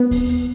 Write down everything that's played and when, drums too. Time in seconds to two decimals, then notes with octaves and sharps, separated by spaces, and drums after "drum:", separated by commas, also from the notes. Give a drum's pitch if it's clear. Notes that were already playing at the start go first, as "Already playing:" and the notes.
Already playing: B3
0.11 drum: kick D#2, open hi-hat
0.29 drum: hi-hat